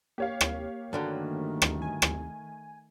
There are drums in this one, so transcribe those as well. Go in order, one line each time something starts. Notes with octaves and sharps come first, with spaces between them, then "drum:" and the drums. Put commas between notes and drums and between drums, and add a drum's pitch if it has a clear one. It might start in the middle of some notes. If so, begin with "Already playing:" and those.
A#3 G4 C#5 F5
drum: rim click
G2 D3 D#3 F#3 A3
drum: rim click
G#5
drum: rim click